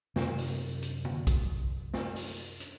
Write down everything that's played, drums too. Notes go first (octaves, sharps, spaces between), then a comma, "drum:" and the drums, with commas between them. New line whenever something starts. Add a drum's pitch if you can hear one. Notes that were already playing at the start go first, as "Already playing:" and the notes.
F#2 C3 D#3, drum: snare
drum: open hi-hat
drum: hi-hat
drum: tom D3
drum: kick B1, hi-hat
drum: snare
drum: open hi-hat
drum: hi-hat